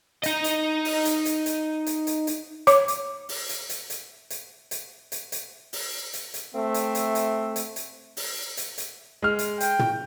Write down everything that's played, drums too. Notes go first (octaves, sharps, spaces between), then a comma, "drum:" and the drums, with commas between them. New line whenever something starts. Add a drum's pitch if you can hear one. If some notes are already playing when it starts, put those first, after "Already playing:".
D#4 D#5, drum: hi-hat
drum: hi-hat
drum: open hi-hat
drum: hi-hat
drum: hi-hat
drum: hi-hat
drum: hi-hat
drum: hi-hat
drum: hi-hat
C#5 D6, drum: hi-hat
drum: hi-hat
drum: open hi-hat
drum: hi-hat
drum: hi-hat
drum: hi-hat
drum: hi-hat
drum: hi-hat
drum: hi-hat
drum: hi-hat
drum: open hi-hat
drum: hi-hat
drum: hi-hat
A3 C4 E5
drum: hi-hat
drum: hi-hat
drum: hi-hat
drum: hi-hat
drum: hi-hat
drum: open hi-hat
drum: hi-hat
drum: hi-hat
G#3 F6
drum: hi-hat
G5, drum: hi-hat
drum: tom